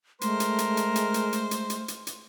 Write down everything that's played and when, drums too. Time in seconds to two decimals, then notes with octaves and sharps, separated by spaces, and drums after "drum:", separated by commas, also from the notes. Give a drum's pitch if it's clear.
0.21 G#3 A3 A#4 C5, drum: hi-hat
0.40 drum: hi-hat
0.58 drum: hi-hat
0.77 drum: hi-hat
0.96 drum: hi-hat
1.14 drum: hi-hat
1.33 drum: hi-hat
1.51 drum: hi-hat
1.70 drum: hi-hat
1.88 drum: hi-hat
2.07 drum: hi-hat